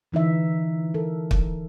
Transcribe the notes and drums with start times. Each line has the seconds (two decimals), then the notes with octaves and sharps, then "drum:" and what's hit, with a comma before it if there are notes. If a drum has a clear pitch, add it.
0.12 D3 E3 D#4 E5
0.94 A4 A#4
1.31 drum: kick